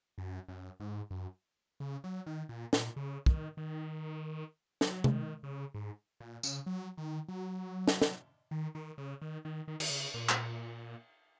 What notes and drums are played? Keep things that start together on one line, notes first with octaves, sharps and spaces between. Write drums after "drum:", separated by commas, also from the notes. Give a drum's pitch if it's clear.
F#2
F#2
G#2
F#2
C#3
F#3
D#3
A#2
A#2, drum: snare
C#3
D#3, drum: kick
D#3
F#3, drum: snare
C#3, drum: tom C3
D#3
C#3
G#2
A#2
C#3, drum: tambourine
F#3
D#3
F#3
drum: snare
drum: snare
D#3
D#3
C#3
D#3
D#3
D#3
D#3, drum: cymbal
C#3
A#2
drum: clap